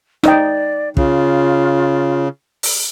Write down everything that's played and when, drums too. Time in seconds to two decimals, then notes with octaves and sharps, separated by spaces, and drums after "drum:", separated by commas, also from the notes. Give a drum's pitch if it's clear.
0.23 D#4 D5 D#5 G5, drum: rim click
0.97 C#3 F4, drum: kick
2.63 drum: open hi-hat